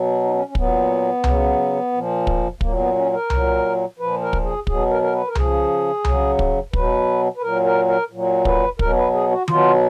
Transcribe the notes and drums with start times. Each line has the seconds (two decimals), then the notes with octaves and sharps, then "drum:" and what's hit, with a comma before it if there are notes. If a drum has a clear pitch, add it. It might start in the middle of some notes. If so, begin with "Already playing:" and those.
Already playing: B2 F#3
0.24 D#4
0.33 C#4
0.48 C#4
0.55 F#3 B3, drum: kick
0.60 A#2
1.24 C#3 F#3, drum: tom C2
1.93 A#2 F3
2.27 drum: kick
2.61 A#2 F#3 A#3, drum: kick
2.78 B3
2.96 C#4
3.13 A#4
3.30 A#2 F#3, drum: tom C2
3.99 A#2 F3 B4
4.22 A#4
4.33 drum: kick
4.44 G#4
4.67 B2 F#3 G#4, drum: kick
4.90 A#4
5.02 A#4
5.13 B4
5.27 A#4
5.35 C#3 F3 G#4, drum: tom C2
6.05 C#3 F#3, drum: tom C2
6.39 drum: kick
6.73 B2 F#3 B4, drum: kick
7.36 B4
7.42 A#2 F#3 A#4
7.65 A#4
7.88 A#4
8.10 A#2 F#3
8.45 B4, drum: kick
8.79 B2 F#3 A#4, drum: kick
8.96 B4
9.13 G#4
9.31 F#4
9.48 B2 F#3 F4, drum: tom D#3